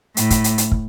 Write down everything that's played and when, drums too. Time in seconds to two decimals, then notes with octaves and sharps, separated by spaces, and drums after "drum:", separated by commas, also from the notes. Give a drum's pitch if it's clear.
0.17 A2, drum: hi-hat
0.30 drum: kick, hi-hat
0.44 drum: hi-hat
0.58 drum: hi-hat
0.72 drum: kick